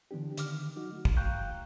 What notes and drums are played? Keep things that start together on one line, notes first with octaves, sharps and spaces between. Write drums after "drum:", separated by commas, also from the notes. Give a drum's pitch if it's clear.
D3 E3 B3 D4 G4
D3 D#3 D6 F6, drum: hi-hat
F#3 D#4 F#4
A3
drum: kick
F5 G5 A#5 C#6 F#6 G6